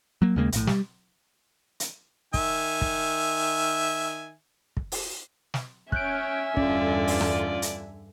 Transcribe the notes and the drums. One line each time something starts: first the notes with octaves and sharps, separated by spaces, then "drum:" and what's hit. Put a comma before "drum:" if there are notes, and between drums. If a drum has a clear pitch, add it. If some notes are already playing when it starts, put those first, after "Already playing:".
F#3 A#3
D#2 C#3 G#3 A#3
A#1 A2, drum: hi-hat
G3, drum: snare
drum: hi-hat
D#3 E5 G#5, drum: kick
drum: kick
drum: kick
drum: open hi-hat
drum: snare
C#4 E5 G#5 F#6 G6 D7, drum: kick
E2 G2 D3 C#4 F4 D5, drum: kick
drum: open hi-hat
drum: rim click
drum: hi-hat